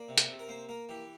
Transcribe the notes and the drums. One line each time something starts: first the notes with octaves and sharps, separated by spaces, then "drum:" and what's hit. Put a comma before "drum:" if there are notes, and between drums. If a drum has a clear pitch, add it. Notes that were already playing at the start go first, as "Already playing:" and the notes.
Already playing: A#3 D5
C3
drum: hi-hat
C3
A#4
A#3 C5
A#3 A#4
E3 G4